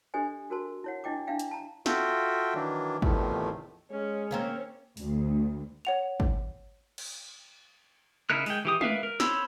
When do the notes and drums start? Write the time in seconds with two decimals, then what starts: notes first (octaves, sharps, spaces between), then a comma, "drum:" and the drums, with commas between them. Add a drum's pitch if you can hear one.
0.14 D4 G4 A4 C5 D#5 G#5
0.50 F#4 G#4 A#4 C5 A5 C6
0.84 E4 C#5 F#5
1.04 D4 E4 D#5 G5 D6
1.27 D4 E4 E5 F5 G5
1.39 drum: hi-hat
1.51 A5 A#5
1.86 F4 F#4 A4 E5 G5, drum: snare
2.54 D#3 E3 F#3 D4
3.02 E2 A2 C3 D#3 F3 A3, drum: kick G#1
3.91 G#3 C#4
4.31 D#3 A#3 C4 C#4
4.97 D2, drum: open hi-hat
5.85 C#5 F#5 F7
6.20 drum: kick G#1
6.98 drum: cymbal
8.30 C#3 D#4 E4 A#4 F#6
8.46 G#3 G5, drum: open hi-hat
8.65 E3 G4 D#6
8.81 A#4 B4 E5 F5, drum: tom G#3
9.03 A#4
9.20 C5 C#5 B5 E6, drum: snare